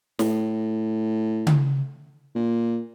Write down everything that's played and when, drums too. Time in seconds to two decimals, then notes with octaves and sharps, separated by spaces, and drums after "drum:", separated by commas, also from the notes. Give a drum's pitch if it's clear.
0.19 A2, drum: snare
1.47 drum: tom C#3
2.35 A#2